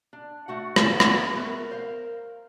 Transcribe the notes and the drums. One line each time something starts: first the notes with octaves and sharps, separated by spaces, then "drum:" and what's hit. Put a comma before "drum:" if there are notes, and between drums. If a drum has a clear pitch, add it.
D4
A3 F#4 F#5
drum: rim click
drum: rim click
A3 B3 A#4
C5 F5